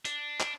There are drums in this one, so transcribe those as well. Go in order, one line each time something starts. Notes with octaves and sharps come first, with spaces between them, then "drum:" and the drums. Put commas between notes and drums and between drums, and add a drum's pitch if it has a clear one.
D4, drum: hi-hat
drum: clap